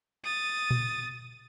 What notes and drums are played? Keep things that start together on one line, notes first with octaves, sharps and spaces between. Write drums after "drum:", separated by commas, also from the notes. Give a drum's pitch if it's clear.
D#6 A6
drum: tom A#2